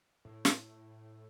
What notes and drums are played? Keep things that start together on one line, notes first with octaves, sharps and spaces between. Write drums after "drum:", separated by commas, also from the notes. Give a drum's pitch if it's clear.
A2
drum: snare